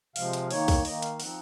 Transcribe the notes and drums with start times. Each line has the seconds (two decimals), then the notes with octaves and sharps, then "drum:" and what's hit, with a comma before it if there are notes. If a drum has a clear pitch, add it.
0.16 C3 F3 G#3 F5, drum: open hi-hat
0.33 drum: hi-hat
0.51 D#3 A#3 D#4 C#5, drum: open hi-hat
0.68 drum: kick, open hi-hat
0.85 D#3 A#3 D#4 D#5, drum: open hi-hat
1.02 F5, drum: hi-hat
1.20 F3 C4 D#4 F#5, drum: open hi-hat